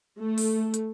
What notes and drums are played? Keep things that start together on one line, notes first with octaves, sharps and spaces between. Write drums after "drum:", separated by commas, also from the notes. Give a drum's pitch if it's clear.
A3
drum: open hi-hat
drum: hi-hat